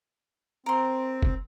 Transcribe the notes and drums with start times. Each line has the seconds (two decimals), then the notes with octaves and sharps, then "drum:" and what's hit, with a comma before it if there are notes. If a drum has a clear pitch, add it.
0.66 C4 A#4 C6
1.23 drum: kick F1